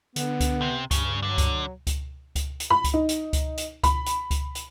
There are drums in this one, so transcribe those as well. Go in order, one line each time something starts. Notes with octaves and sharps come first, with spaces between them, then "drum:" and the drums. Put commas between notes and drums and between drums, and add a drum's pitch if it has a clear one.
D3 B3, drum: hi-hat
drum: kick C#2, hi-hat
C3
G2 C#3, drum: kick C#2, hi-hat
D3 F#3
drum: kick C#2, hi-hat
drum: kick C#2, hi-hat
drum: kick C#2, hi-hat
drum: hi-hat
B5
drum: kick C#2, hi-hat
D#4
drum: hi-hat
drum: kick C#2, hi-hat
drum: hi-hat
B5, drum: kick C#2, hi-hat
drum: hi-hat
drum: kick C#2, hi-hat
drum: hi-hat